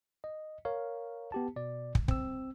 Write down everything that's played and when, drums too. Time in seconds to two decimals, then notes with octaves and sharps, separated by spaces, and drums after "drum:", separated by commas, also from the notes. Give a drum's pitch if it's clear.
0.24 D#5
0.65 A#4 C#5 F5
1.32 B3 G4 A5
1.56 B2 D5
1.95 drum: kick
2.08 C4 E6, drum: kick